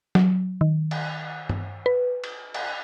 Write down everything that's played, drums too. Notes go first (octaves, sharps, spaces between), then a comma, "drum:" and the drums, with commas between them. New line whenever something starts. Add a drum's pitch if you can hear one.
F#3, drum: snare
D#3
drum: cymbal
drum: tom
B4
drum: cymbal
drum: cymbal